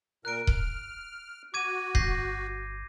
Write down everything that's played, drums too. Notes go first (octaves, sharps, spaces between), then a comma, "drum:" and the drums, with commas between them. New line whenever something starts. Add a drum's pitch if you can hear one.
A#2 A#4 F#6 D7
F6, drum: kick D#1
F#4 D6 G#6 D#7
G1 G6 A#6 C7, drum: kick D#1